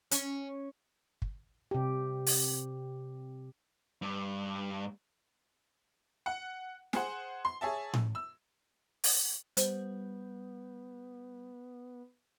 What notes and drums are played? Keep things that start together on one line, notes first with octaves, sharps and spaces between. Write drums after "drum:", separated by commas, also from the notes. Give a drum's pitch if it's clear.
C#4, drum: hi-hat
drum: kick
C3 G4
drum: open hi-hat
G2
F#5
G#4 C5 F#5, drum: snare
C6
G#4 C#5 E5 A5
drum: tom A2
E6
drum: open hi-hat
G3 B3 C5, drum: hi-hat